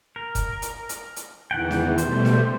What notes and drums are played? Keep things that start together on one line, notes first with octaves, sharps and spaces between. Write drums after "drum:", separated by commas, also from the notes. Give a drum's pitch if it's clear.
A#4
drum: kick, hi-hat
drum: hi-hat
drum: hi-hat
drum: hi-hat
E2 D#3 E3 F#5 G5
drum: snare
B2 G3 A3 C5, drum: hi-hat
drum: snare